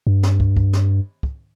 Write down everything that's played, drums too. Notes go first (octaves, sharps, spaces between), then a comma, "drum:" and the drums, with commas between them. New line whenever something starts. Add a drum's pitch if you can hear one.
G2
drum: snare
drum: kick
drum: kick
drum: snare
drum: kick